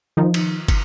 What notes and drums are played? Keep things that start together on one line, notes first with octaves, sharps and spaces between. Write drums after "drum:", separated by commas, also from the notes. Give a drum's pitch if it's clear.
D#3 F3 D#4
drum: cymbal
drum: kick, cymbal